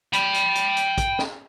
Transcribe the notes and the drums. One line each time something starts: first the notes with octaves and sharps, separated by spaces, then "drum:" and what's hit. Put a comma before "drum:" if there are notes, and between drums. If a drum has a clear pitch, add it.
G5 B5, drum: hi-hat
drum: hi-hat
drum: hi-hat
drum: hi-hat
drum: kick, hi-hat
drum: snare